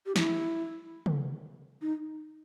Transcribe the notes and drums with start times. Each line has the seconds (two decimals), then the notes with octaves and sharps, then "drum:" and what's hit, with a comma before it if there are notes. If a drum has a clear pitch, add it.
0.06 G4
0.16 E4, drum: snare
1.06 drum: tom
1.82 D#4